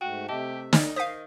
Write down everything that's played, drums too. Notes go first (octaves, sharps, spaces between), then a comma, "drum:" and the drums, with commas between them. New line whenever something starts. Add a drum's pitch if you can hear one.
G#2 A3 F#4 G5
C3 A3 G4 D#5 E5 A5
D#4 D5 D#5 F6, drum: snare
D#3 C5 F5 D#6 B6 D#7